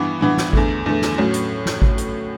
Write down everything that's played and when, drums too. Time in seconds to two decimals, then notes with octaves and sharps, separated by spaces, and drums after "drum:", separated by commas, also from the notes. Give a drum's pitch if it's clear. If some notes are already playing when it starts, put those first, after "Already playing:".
Already playing: G2 E3 B3
0.21 G2 E3 B3
0.37 drum: snare
0.53 E2 D3 A3, drum: kick G#1
0.86 E2 D3 A3
1.02 drum: snare
1.18 A2 F#3 C#4
1.34 drum: hi-hat
1.66 drum: snare
1.82 drum: kick G#1
1.98 drum: hi-hat